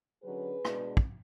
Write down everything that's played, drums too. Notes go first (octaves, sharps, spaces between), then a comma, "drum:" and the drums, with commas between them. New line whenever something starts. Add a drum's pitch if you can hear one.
D3 F#3 C#4 G#4 B4
B2 G#3 B3 D4, drum: rim click
drum: kick